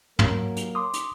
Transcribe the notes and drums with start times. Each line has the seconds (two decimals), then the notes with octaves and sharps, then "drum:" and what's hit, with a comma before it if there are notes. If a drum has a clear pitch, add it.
0.19 F#3 A#3 A#4, drum: tom
0.57 drum: hi-hat
0.75 C6 D6 D#6
0.94 drum: hi-hat